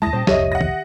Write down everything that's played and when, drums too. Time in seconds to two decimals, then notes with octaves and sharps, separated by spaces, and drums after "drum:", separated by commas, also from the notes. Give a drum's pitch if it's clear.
0.02 D#2 G#3 E4 A5 D#6 A#6
0.13 A#2 G3 C#4 G4 C5
0.27 D#1 C2 F2 G4 C#5 D#5 E5 D#7, drum: snare
0.52 F#5 A#6
0.61 drum: tom